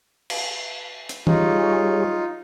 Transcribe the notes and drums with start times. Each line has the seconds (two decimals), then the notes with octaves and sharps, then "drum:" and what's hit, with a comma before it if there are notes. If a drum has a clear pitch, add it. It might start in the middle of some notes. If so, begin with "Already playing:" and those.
0.30 drum: cymbal
1.09 drum: hi-hat
1.27 G3 D#4 F4 G#4 C#5, drum: tom